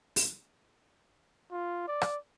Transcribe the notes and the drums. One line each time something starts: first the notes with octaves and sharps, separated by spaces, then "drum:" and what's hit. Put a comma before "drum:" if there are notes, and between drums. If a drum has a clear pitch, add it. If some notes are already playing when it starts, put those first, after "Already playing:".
drum: open hi-hat
F4
D5
drum: rim click